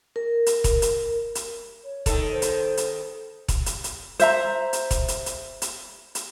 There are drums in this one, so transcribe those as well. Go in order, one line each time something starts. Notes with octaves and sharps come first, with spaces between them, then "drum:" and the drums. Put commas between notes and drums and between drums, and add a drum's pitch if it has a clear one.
A#4
drum: hi-hat
drum: kick E1, hi-hat
drum: hi-hat
drum: hi-hat
C#5
D#3 A4, drum: kick E1, hi-hat
C5
drum: hi-hat
drum: hi-hat
drum: kick E1, hi-hat
drum: hi-hat
drum: hi-hat
C5 E5 A#5, drum: hi-hat
drum: hi-hat
drum: kick E1, hi-hat
drum: hi-hat
drum: hi-hat
drum: hi-hat
drum: hi-hat